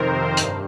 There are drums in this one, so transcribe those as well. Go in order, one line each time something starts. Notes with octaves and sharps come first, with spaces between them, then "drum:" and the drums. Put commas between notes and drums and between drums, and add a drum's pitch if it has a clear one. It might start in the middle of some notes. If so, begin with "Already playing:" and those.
Already playing: F2 C3 D#3 C4 A#4 C5
G2, drum: hi-hat